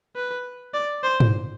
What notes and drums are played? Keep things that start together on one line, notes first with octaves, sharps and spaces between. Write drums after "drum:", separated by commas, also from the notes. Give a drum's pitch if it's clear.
B4
D5
C5
drum: tom